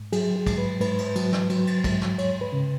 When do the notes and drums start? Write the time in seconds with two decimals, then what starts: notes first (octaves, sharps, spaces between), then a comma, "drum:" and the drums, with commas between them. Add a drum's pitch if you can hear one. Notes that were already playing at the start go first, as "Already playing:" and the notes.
Already playing: G#2
0.12 F#3 G#4, drum: cymbal
0.36 G#4
0.47 G#2, drum: kick, cymbal
0.58 B4
0.81 G#2 B4, drum: cymbal
0.98 drum: cymbal
1.15 F#3, drum: cymbal
1.33 drum: snare
1.50 F#3, drum: cymbal
1.67 drum: cymbal
1.84 G#2, drum: kick, cymbal
2.01 drum: snare
2.18 E2 C#5, drum: cymbal
2.41 B4
2.53 C#3